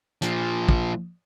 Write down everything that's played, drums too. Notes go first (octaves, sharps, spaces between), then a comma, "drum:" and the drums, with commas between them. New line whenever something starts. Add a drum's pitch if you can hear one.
A#2 F3, drum: hi-hat
drum: kick